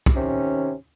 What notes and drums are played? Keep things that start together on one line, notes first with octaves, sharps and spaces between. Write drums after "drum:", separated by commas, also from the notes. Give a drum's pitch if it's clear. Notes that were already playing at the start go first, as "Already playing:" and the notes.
drum: kick
C3 D#3 C#4